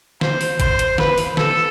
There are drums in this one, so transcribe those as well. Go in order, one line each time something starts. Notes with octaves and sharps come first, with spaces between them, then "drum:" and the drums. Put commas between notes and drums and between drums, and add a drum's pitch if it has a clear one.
C5, drum: snare
drum: open hi-hat
C5, drum: kick G#1, hi-hat
drum: hi-hat
B4, drum: snare
drum: open hi-hat
A4, drum: snare